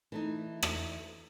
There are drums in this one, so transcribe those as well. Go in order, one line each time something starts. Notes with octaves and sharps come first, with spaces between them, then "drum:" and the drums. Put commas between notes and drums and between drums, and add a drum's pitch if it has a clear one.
E3 A3 D#4
drum: rim click